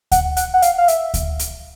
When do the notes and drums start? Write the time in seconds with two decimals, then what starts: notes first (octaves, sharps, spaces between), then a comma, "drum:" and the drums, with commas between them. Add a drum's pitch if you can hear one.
0.11 F#5, drum: kick D2, hi-hat
0.37 F#5, drum: hi-hat
0.54 F#5
0.62 F5, drum: hi-hat
0.78 F5
0.88 E5, drum: hi-hat
1.14 drum: kick D2, hi-hat
1.39 drum: hi-hat